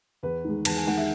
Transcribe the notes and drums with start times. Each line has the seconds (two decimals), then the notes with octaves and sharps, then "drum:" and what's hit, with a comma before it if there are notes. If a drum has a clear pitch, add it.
0.23 E2 B4
0.45 D#3 G#3
0.65 E2 A5, drum: cymbal
0.77 G#5
0.87 D#3 G#3 F#5
0.97 E5